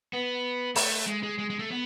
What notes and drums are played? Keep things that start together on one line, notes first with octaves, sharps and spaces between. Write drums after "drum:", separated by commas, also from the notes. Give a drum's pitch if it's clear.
B3
A3, drum: open hi-hat
G#3
G#3
G#3
G#3
A3
B3